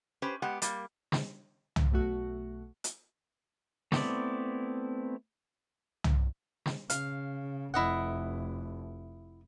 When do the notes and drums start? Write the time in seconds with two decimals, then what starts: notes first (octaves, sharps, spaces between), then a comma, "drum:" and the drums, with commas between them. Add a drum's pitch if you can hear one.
0.22 C#4 G4 B4 C5
0.42 G#3 B3 G4 F#5
0.62 G3 A#3, drum: hi-hat
1.12 drum: snare
1.76 drum: tom
1.92 B1 A3 F#4
2.84 drum: hi-hat
3.92 A3 B3 C4 E4 D5, drum: snare
6.04 drum: tom
6.66 drum: snare
6.90 C#3 F5, drum: hi-hat
7.74 F1 E4 D#5 F#5